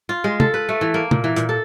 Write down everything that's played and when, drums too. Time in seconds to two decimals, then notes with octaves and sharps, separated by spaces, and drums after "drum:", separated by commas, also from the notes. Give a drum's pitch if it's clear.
0.09 F4
0.24 G#3
0.40 A4, drum: tom
0.54 B4
0.69 A3
0.81 E3
0.94 A#3
1.11 A#2, drum: tom
1.24 E3
1.36 A#2, drum: hi-hat
1.49 A4